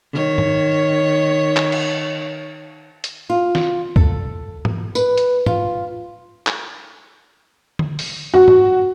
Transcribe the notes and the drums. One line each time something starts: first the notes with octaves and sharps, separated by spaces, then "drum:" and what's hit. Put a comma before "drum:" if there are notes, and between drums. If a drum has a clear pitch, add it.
D#3 C#5
drum: tom G#2
drum: clap
drum: cymbal
drum: hi-hat
F4
drum: snare
A4, drum: kick
drum: tom G#2
B4, drum: tambourine
drum: hi-hat
F4, drum: tom G#2
drum: clap
drum: tom D3
drum: open hi-hat
F#4
drum: tom G#2